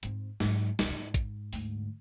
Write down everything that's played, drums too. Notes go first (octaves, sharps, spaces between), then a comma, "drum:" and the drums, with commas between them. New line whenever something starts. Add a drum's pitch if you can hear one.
G#2 C4, drum: hi-hat
G#2 F#3, drum: snare
E1 C#2, drum: snare
G#2
drum: kick, hi-hat
D2 G#2, drum: open hi-hat